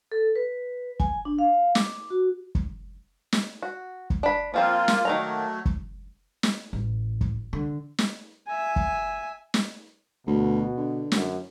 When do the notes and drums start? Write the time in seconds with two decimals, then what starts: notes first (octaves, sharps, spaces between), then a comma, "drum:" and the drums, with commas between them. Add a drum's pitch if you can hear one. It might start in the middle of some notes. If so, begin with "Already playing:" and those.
0.12 A4
0.36 B4
1.00 G#5, drum: kick
1.25 D4
1.39 F5
1.75 D6, drum: snare
2.10 F#4
2.55 drum: kick
3.32 drum: snare
3.63 F#4
4.10 drum: kick
4.23 D4 B5
4.54 F3 A#3 C4 F4 C5
4.88 drum: snare
5.05 D#3 F#3 A3 A#3 A#5
5.65 drum: kick
6.43 drum: snare
6.73 A1
7.21 drum: kick
7.53 D3
7.98 drum: snare
8.47 E5 G#5
8.76 drum: kick
9.54 drum: snare
10.27 D2 B2
10.77 D3
11.12 F#2, drum: snare